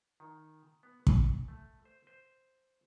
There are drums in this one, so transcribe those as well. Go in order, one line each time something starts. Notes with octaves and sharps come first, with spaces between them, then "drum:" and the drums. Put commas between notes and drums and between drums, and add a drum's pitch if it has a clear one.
D#3
B3
G#5, drum: kick
A3
C5
C5